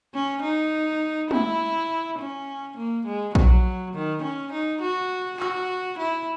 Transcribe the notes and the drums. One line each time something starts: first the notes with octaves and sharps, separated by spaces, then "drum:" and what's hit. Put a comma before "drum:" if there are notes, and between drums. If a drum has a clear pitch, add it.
C#4
D#4
E4, drum: tom
C#4
A#3
G#3
F#3, drum: kick A#1
D#3
C#4
D#4
F#4
F#4, drum: clap
E4